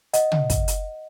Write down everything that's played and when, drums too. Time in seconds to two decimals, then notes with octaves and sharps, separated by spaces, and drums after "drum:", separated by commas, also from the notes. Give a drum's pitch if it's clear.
0.13 D#5 F#5, drum: hi-hat
0.32 drum: tom
0.50 drum: kick, hi-hat
0.68 drum: hi-hat